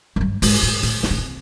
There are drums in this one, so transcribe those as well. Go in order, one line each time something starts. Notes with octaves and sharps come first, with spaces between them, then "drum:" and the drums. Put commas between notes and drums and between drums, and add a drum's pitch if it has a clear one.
F#2
G2
G#2, drum: open hi-hat
A2
A2, drum: hi-hat
C3, drum: snare
C#3
C3